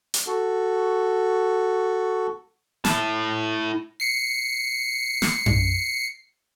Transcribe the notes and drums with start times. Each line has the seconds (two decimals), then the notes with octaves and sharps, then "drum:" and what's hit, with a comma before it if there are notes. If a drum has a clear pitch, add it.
0.14 drum: hi-hat
0.27 F#4 A4
2.85 E4 A5, drum: snare
4.00 C7 C#7
5.22 drum: snare
5.46 drum: tom F#2